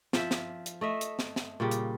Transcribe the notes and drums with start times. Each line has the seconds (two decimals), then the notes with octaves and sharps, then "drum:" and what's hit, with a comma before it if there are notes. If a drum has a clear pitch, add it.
0.13 F3 E5, drum: snare
0.31 drum: snare
0.66 drum: hi-hat
0.81 A3 D#5 E5
1.01 drum: hi-hat
1.19 drum: snare
1.36 drum: snare
1.60 A#2 C#3 G3
1.71 drum: hi-hat